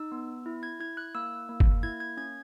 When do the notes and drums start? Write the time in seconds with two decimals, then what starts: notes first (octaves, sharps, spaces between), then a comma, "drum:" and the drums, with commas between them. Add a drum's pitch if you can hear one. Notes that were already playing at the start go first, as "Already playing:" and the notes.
Already playing: D#4 E6
0.12 B3
0.46 E4
0.63 G#6
0.80 E4 G#6
0.97 F#6
1.15 A#3 E6
1.49 A#3
1.60 drum: kick
1.83 E4 G#6
2.00 G#6
2.17 C#4 G#6